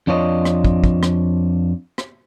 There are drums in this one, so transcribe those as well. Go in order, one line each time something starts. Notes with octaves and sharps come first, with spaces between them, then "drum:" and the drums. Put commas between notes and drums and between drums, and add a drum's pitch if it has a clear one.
F2 D4 F4 C#5 D#5
drum: rim click
drum: kick
drum: kick
drum: rim click
drum: rim click